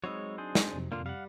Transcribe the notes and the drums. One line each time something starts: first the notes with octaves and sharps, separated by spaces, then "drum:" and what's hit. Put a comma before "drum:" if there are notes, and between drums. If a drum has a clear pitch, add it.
F#3 G#3 C4 D#4 C#5 B5 D#6 E6
D4 G#4 C5
drum: snare
F2 C3
A#2 D3 A#3 D4 F4
G3 F5 F#5